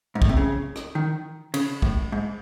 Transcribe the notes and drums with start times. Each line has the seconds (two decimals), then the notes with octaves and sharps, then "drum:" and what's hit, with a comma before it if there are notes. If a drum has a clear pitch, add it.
0.15 G#2
0.22 A2, drum: kick
0.29 C3
0.37 C#3
0.76 drum: rim click
0.95 D#3
1.54 C#3, drum: cymbal
1.82 A2, drum: kick
2.12 G#2